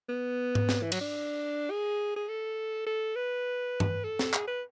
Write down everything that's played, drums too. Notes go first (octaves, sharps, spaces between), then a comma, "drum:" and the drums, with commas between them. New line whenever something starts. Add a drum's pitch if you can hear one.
B3
drum: tom G#2
drum: snare
E3
F#3, drum: cymbal
D4
G#4
G#4
A4
A4
B4
drum: tom G2
A4
drum: snare
G#4, drum: clap
B4